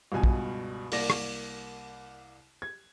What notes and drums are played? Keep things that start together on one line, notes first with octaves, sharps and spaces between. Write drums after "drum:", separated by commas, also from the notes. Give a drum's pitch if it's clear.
C#2 G2 B2 G#5
drum: kick
C2 A#3 D5 A#6, drum: open hi-hat
drum: rim click
G#6